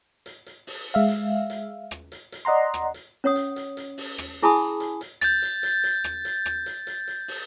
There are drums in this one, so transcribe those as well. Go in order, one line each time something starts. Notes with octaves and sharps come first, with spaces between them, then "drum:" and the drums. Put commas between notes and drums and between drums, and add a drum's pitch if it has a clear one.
drum: hi-hat
drum: hi-hat
drum: open hi-hat
G#3 E5 F5
drum: hi-hat
drum: hi-hat
drum: rim click
drum: hi-hat
drum: hi-hat
D5 D#5 F#5 A#5 C6
drum: rim click
drum: hi-hat
C#4 C#5 F#5 D#6
drum: hi-hat
drum: hi-hat
drum: hi-hat
drum: open hi-hat
drum: rim click
E4 G#4 G#5 A5 B5 D#6
drum: hi-hat
drum: hi-hat
G6 A6, drum: rim click
drum: hi-hat
drum: hi-hat
drum: hi-hat
drum: rim click
drum: hi-hat
drum: rim click
drum: hi-hat
drum: hi-hat
drum: hi-hat
drum: open hi-hat